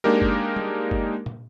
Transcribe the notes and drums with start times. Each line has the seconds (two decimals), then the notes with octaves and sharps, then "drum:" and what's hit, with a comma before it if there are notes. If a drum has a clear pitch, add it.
0.04 G#3 A#3 D4 D#4 G4 A#4
0.22 drum: kick F#1
0.56 drum: tom
0.91 drum: kick F#1
1.26 drum: tom